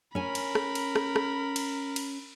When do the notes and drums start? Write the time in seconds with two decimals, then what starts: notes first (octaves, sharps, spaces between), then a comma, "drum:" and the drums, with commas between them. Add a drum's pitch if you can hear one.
0.15 C#4 A#4 G#5 B5
0.35 drum: cymbal
0.55 drum: rim click
0.75 drum: cymbal
0.96 drum: rim click
1.16 drum: rim click
1.56 drum: cymbal
1.96 drum: cymbal